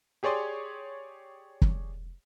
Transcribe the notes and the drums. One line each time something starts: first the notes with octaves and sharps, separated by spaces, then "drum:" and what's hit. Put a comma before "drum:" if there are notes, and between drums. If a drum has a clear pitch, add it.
G4 G#4 C#5 D5 C6 D#6
drum: kick